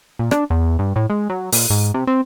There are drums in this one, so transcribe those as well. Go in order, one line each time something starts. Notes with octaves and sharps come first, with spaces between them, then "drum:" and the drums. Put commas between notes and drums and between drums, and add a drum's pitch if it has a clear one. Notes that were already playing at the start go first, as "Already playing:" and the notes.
A#2
D4, drum: rim click
E2
G2
A2
G#3
F#3
A#2, drum: open hi-hat
G#2
C3
C4